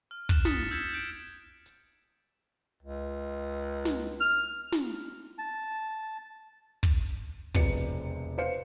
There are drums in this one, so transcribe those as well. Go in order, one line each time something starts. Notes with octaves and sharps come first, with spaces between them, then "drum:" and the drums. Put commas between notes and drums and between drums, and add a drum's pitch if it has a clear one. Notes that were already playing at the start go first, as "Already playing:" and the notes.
F6
F#6 E7, drum: kick
D#6 A6 B6 C#7 E7, drum: snare
E6 G6 G#6 B6 C#7 E7
G6 D7 E7
drum: hi-hat
C#2
drum: snare
F6
drum: snare
A5
drum: kick
E1 F2 C3 B4 C#7, drum: kick
B4 C5 F5 C#7